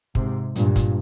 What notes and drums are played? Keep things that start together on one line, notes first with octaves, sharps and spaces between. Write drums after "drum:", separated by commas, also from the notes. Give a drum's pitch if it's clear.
G#2 C3, drum: kick
G2 A#2, drum: hi-hat
drum: kick, hi-hat